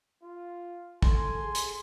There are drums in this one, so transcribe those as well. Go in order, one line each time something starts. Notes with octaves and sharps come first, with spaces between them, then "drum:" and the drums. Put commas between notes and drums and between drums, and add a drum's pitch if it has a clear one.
F4
A4 G#5 C6, drum: kick
G#4
drum: hi-hat